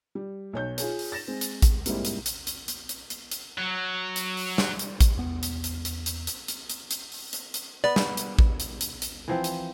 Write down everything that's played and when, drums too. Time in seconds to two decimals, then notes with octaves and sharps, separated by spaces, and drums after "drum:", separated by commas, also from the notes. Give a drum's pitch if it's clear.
0.15 G3
0.53 B1 C#5 G6
0.78 F4 G#4 C#5, drum: hi-hat
0.99 drum: open hi-hat
1.12 A6 A#6 E7
1.28 G#3 C4
1.41 drum: hi-hat
1.62 drum: kick A1, hi-hat
1.86 G#2 G3 A#3 C4 E4, drum: hi-hat
2.05 drum: hi-hat
2.26 drum: hi-hat
2.47 drum: hi-hat
2.68 drum: hi-hat
2.89 drum: hi-hat
3.10 drum: hi-hat
3.31 drum: hi-hat
3.58 F#3
4.16 drum: hi-hat
4.37 drum: open hi-hat
4.58 drum: snare
4.79 drum: hi-hat
5.00 drum: kick A1, hi-hat
5.17 E2 B3
5.43 drum: hi-hat
5.64 drum: hi-hat
5.85 drum: hi-hat
6.06 drum: hi-hat
6.27 drum: hi-hat
6.48 drum: hi-hat
6.70 drum: hi-hat
6.91 drum: hi-hat
7.12 drum: open hi-hat
7.33 drum: hi-hat
7.54 drum: hi-hat
7.84 B3 B4 D5
7.96 drum: snare
8.17 drum: hi-hat
8.39 drum: kick A1
8.60 drum: hi-hat
8.81 drum: hi-hat
9.02 drum: hi-hat
9.28 E3 F3 C4
9.44 drum: hi-hat